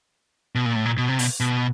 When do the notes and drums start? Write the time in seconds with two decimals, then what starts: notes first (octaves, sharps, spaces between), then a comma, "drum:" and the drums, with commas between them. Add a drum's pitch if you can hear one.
0.55 B2
0.65 A#2
0.76 A2
0.86 A#2
0.98 B2
1.09 C3
1.19 B2, drum: open hi-hat
1.40 B2